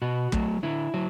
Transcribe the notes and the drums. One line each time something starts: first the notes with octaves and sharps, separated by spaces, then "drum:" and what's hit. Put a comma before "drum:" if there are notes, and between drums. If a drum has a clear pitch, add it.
B2 F#4
F#3 A3, drum: kick
D3 E4
F#3